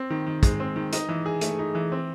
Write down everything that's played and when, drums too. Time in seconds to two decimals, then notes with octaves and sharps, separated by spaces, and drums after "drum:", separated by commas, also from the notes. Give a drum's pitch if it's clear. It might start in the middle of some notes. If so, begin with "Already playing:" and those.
Already playing: C4
0.10 D#3
0.26 D#3
0.43 G#3, drum: kick, hi-hat
0.60 C4
0.76 D#3
0.93 D#4, drum: hi-hat
1.09 E3
1.26 G#4
1.41 A3, drum: hi-hat
1.59 D#4
1.75 E3
1.92 C4